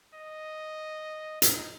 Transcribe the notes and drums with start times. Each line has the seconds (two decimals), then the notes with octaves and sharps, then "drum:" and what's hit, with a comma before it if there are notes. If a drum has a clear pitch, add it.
0.14 D#5
1.42 D#4, drum: hi-hat